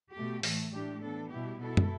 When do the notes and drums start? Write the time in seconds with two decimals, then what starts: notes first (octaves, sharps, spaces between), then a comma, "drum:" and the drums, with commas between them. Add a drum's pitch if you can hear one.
0.14 B2 A3 G4
0.43 A2 E3 A3, drum: open hi-hat
0.72 A2 E3 A3 D4 G4
1.01 E3 B3 D4 A4
1.30 B2 G3 E4 G4
1.60 B2 B3 E4 A4
1.77 drum: tom